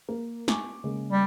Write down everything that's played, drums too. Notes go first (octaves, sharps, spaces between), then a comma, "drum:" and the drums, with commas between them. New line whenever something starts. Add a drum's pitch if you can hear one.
A#3
G#5 C#6 D6, drum: snare
C#3 G#3 A#3
G3